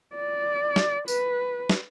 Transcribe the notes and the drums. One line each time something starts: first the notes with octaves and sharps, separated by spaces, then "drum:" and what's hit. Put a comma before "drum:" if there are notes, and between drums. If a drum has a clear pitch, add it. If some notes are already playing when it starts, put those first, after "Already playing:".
D5
drum: snare
B4, drum: tambourine
drum: snare